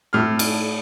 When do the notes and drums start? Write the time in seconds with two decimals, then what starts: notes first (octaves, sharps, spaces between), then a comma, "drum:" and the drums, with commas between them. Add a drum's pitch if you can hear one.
0.13 A2 F6
0.39 drum: cymbal